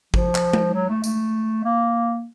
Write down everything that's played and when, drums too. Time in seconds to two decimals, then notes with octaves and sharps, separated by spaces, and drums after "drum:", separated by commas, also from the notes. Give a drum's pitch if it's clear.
0.14 F3, drum: kick
0.35 drum: clap
0.53 drum: tom G#3
0.73 F#3
0.89 A3
1.04 A3, drum: tambourine
1.64 A#3